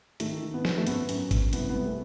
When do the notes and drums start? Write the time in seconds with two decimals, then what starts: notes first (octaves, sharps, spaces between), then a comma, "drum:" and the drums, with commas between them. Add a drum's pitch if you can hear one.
0.20 D#3 A3, drum: hi-hat
0.43 D#3
0.54 B3
0.65 D#3, drum: snare
0.77 A3
0.87 F#2 B3, drum: hi-hat
1.09 F#2, drum: hi-hat
1.31 F#2, drum: kick G#1, hi-hat
1.53 C2 B3, drum: hi-hat
1.69 G3 B3
1.85 A3